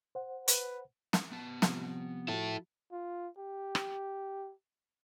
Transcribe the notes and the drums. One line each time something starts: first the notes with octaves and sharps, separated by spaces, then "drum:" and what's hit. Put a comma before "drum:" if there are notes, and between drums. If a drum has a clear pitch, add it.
C5 F#5
B4, drum: hi-hat
drum: snare
B3 A5
C3 F3 G3, drum: snare
F3 E4 F#4 A4
F4
G4
drum: rim click